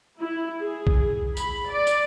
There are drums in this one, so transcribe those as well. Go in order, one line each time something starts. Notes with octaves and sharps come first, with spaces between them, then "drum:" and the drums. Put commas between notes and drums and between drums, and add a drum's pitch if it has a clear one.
E4
G#4
drum: kick B1
B5, drum: tambourine
D5
drum: tambourine